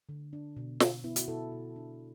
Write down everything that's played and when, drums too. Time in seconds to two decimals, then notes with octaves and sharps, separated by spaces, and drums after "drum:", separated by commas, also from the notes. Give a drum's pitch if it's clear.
0.09 D3
0.33 D4
0.57 B2
0.80 B2, drum: snare
1.04 B3 E4
1.16 F#4, drum: hi-hat
1.28 B2 E4 A4
1.52 B2
1.76 D4